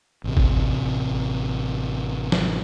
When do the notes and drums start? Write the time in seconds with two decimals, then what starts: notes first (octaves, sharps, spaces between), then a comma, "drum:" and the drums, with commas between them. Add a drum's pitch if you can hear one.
0.24 A1 C3
0.37 drum: kick
2.32 drum: snare